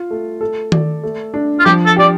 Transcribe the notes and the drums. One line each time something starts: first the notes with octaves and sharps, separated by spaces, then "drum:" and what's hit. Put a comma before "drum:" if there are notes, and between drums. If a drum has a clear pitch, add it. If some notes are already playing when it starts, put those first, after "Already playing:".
Already playing: F4
A3
A4
D5, drum: tom D#3
A3
D4
F4
F3 G4
A4
G4 D5